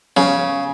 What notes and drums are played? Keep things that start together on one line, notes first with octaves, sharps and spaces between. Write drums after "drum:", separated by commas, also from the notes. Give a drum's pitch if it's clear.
C#3, drum: snare B3